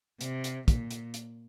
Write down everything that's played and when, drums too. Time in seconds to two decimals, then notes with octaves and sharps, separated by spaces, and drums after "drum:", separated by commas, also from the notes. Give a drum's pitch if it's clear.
0.21 C3, drum: hi-hat
0.44 drum: hi-hat
0.68 A#2, drum: kick, hi-hat
0.91 drum: hi-hat
1.14 drum: hi-hat